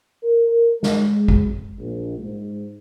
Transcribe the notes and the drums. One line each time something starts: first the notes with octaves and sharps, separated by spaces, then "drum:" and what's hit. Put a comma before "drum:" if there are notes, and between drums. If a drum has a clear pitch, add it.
A#4
G#3, drum: snare
drum: kick G#1
A#1
G#2